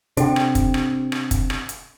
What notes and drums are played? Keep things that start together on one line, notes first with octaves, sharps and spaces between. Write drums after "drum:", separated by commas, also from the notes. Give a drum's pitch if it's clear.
C3 C4 D4 A4 G5, drum: hi-hat
drum: rim click
drum: kick, hi-hat
drum: rim click
drum: rim click
drum: kick, hi-hat
drum: rim click
drum: hi-hat